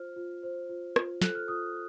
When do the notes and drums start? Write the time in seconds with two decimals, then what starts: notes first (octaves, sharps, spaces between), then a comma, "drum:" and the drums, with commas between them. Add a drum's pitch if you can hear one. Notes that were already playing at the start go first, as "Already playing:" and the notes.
Already playing: F4 C5 F6
0.16 F4
0.43 C5
0.69 F4
0.96 F4, drum: rim click
1.22 A4 F#6, drum: snare
1.35 F6
1.48 F4 D#6